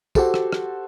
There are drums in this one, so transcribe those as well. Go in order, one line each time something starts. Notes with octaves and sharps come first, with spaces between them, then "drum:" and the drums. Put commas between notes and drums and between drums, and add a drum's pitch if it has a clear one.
F#4 G4 A4 C5, drum: kick, tambourine
drum: rim click
drum: rim click